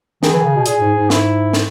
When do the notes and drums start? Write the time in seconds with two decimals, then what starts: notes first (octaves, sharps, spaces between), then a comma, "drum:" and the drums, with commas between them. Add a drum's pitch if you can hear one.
0.23 D#3 G#4, drum: snare
0.33 E3
0.39 D#3
0.44 C#3
0.55 B2
0.66 A#2 G#4, drum: hi-hat
0.81 G#2
0.95 G#2
1.10 E4, drum: snare
1.53 drum: snare